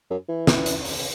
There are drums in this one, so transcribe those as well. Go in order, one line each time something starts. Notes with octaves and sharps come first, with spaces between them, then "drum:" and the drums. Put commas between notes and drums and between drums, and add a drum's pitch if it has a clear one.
F#2
E3
drum: snare
drum: hi-hat
drum: open hi-hat